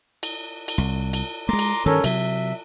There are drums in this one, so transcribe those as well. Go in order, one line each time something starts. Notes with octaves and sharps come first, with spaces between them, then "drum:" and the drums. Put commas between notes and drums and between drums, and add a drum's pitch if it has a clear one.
drum: cymbal
drum: cymbal
C2
drum: cymbal
G#3 A3 A#5 C6 D6
drum: cymbal
G2 D#3 C#4 A4 A#4
C3 F#3 E5, drum: cymbal